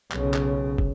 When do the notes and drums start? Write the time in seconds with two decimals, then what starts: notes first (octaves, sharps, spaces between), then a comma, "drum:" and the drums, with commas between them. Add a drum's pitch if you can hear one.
0.12 B1 C#3, drum: clap
0.34 drum: clap
0.78 drum: kick